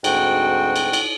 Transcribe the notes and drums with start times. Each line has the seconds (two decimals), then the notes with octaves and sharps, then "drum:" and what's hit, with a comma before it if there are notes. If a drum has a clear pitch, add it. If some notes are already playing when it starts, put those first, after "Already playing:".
0.04 D2 G#2 C4 F#4 G5, drum: cymbal
0.76 drum: cymbal
0.93 drum: cymbal